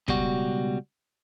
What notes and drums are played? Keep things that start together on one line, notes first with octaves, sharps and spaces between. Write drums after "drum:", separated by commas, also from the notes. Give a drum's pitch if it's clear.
C#2 B2 G3 F#4, drum: kick